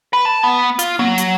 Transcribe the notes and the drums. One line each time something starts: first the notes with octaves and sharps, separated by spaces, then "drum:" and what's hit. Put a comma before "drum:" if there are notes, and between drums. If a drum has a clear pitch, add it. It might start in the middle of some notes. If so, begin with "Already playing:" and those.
B4
A5
B3
F4, drum: hi-hat
F#3, drum: tom A#3
drum: hi-hat